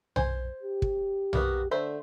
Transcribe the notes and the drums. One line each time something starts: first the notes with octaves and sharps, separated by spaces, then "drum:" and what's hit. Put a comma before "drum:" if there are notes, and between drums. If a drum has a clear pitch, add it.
C5 G#5, drum: tom B1
G4
drum: kick
A#3 B3 F#4, drum: tom B1
D3 A3 C5 E5